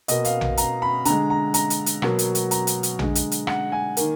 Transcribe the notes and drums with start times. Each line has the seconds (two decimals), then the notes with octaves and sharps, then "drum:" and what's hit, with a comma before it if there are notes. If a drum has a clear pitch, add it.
0.08 B2 A#3 D#5, drum: hi-hat
0.25 F5, drum: hi-hat
0.41 drum: tom A#1
0.57 A#5, drum: hi-hat
0.82 B5
1.05 D3 G#3 A#5, drum: hi-hat
1.30 A#5
1.54 A#5, drum: hi-hat
1.70 drum: hi-hat
1.86 drum: hi-hat
2.02 B2 F#3 A#3, drum: rim click
2.19 drum: hi-hat
2.35 drum: hi-hat
2.51 A#5, drum: hi-hat
2.67 drum: hi-hat
2.83 drum: hi-hat
2.99 D3 G#3, drum: tom A#1
3.15 drum: hi-hat
3.32 drum: hi-hat
3.47 F#5, drum: rim click
3.72 G#5
3.97 D#3 A#3, drum: hi-hat